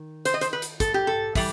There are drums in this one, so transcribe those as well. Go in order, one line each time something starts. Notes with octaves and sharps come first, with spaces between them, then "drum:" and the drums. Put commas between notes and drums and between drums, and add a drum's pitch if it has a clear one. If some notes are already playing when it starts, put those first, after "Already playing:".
Already playing: D#3
C5, drum: hi-hat
D#5
C5, drum: hi-hat
B4
drum: hi-hat
A4, drum: kick, hi-hat
G4
A4
E3 G3, drum: kick, open hi-hat